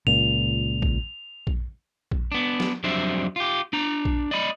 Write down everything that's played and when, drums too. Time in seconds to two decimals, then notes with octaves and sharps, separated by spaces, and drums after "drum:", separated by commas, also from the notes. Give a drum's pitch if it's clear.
0.07 C#2 A#2 F7
0.82 drum: kick A#1
1.47 drum: kick A#1
2.11 drum: kick A#1
2.32 B3 D4
2.60 drum: snare
2.84 F2 F#3 G3 D4 C5 E5
3.36 F4 G4
3.73 D4 A#5
4.05 drum: kick A#1
4.31 D5 D#5 B5